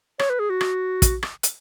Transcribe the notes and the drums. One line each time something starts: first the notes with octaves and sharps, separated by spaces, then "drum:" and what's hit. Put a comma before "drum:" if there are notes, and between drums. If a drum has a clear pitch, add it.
C#5, drum: rim click
B4
G#4
F#4
drum: rim click
drum: kick, hi-hat
drum: rim click
drum: hi-hat